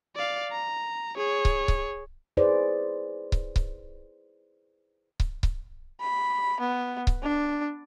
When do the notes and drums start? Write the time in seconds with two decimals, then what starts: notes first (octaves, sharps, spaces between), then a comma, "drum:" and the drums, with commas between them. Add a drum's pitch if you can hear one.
0.16 D5 F5
0.51 A#5
1.17 G#4 C#5
1.45 drum: kick C#1
1.68 drum: kick C#1
2.37 D#4 E4 G#4 B4 C5 D5
3.32 drum: kick C#1
3.56 drum: kick C#1
5.20 drum: kick C#1
5.43 drum: kick C#1
6.01 B5
6.60 B3
7.07 drum: kick C#1
7.23 D4